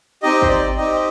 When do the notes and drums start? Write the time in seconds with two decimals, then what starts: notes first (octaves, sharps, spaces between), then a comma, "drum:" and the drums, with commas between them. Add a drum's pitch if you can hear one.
0.23 C4 D#4 G4 D#5
0.42 C5, drum: kick
0.49 D5
0.77 C4 D#4 G4 D#5